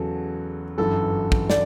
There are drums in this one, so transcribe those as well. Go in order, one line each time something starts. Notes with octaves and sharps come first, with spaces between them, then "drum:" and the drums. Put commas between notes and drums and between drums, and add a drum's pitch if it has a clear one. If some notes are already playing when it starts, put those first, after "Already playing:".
Already playing: E2 C#3 F#3 A4
G1 F#2 E3 A4
drum: kick
D5, drum: snare